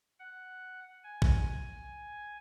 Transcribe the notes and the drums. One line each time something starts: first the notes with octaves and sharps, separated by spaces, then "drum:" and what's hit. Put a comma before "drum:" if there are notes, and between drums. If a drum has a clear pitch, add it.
F#5
G#5
drum: kick A#1